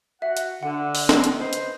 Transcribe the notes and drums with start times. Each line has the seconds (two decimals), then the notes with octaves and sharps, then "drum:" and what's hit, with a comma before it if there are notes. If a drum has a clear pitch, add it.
0.22 F#4 E5 F#5
0.37 drum: hi-hat
0.63 D3 F#5
0.95 drum: open hi-hat
1.09 drum: snare
1.24 drum: hi-hat
1.39 B4 C5 D#5
1.53 drum: hi-hat